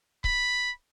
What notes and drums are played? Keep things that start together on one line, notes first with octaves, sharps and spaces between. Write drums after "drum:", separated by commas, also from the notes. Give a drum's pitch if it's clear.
B5, drum: kick C#1